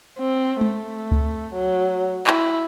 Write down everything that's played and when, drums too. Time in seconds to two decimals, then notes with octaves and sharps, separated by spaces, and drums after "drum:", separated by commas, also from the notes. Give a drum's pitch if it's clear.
0.19 C4
0.61 A3, drum: tom G#3
1.11 drum: kick C#2
1.54 F#3
2.27 E4, drum: clap